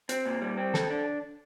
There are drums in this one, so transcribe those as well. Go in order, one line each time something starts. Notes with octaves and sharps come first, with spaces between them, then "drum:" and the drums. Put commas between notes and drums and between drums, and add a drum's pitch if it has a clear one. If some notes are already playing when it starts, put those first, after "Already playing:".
C4, drum: hi-hat
A#2
G3
C4
A4, drum: snare
D4